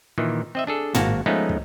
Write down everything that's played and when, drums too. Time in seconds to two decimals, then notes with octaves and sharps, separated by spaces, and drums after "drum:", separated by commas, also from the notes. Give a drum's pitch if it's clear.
0.18 A#2 D#3 E3
0.55 C4 D#5 E5
0.67 D4 G#4 A4
0.94 G#1 A#3 F#4 A5, drum: tom A2
1.26 F3 G#3 A3 B3 C#4 D#4
1.49 drum: kick